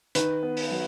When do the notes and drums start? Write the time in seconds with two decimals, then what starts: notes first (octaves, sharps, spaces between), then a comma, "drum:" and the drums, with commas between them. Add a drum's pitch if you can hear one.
0.15 D#3 B4, drum: hi-hat
0.43 B3
0.57 drum: open hi-hat
0.71 F#3